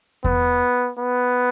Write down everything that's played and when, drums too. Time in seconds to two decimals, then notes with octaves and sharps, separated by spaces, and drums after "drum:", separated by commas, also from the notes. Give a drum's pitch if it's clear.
0.24 B3, drum: kick E2
0.99 B3